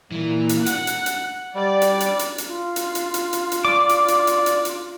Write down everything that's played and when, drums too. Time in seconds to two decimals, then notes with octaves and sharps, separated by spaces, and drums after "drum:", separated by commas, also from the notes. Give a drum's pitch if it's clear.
0.12 A#2 E3
0.49 drum: hi-hat
0.66 F#5 F#6, drum: hi-hat
0.87 drum: hi-hat
1.06 drum: hi-hat
1.55 G3 D5
1.82 drum: hi-hat
2.00 drum: hi-hat
2.19 drum: hi-hat
2.38 drum: hi-hat
2.48 F4
2.76 drum: hi-hat
2.95 drum: hi-hat
3.14 drum: hi-hat
3.33 drum: hi-hat
3.52 drum: hi-hat
3.65 D5 D6
3.89 drum: hi-hat
4.08 drum: hi-hat
4.27 drum: hi-hat
4.46 drum: hi-hat
4.65 drum: hi-hat